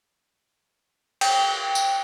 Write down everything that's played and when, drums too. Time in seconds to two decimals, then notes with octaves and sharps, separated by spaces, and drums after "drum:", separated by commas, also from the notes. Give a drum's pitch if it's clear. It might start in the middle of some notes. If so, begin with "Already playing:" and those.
1.21 G5, drum: cymbal
1.75 drum: tambourine